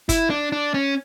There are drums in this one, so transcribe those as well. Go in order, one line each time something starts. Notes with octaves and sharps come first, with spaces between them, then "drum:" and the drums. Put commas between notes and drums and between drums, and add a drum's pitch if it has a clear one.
E4, drum: kick, hi-hat
D4
D4
C#4